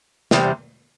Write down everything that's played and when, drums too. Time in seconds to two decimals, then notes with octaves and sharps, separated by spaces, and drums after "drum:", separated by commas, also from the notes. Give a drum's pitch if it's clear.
0.31 E2 C3 G3 C4, drum: snare